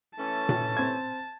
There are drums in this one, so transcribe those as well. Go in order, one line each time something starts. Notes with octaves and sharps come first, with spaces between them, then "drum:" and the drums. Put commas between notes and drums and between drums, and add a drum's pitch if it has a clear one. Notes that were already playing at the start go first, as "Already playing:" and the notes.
E3 A3 C#4 A5
drum: tom A#2
C4 G#6